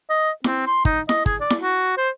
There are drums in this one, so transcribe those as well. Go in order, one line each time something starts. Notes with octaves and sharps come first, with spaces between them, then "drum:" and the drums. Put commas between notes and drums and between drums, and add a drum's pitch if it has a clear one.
D#5
C4, drum: snare E4
C6
D#4, drum: kick
D#5, drum: snare E4
G#4, drum: kick
D5
drum: snare E4
F#4
C5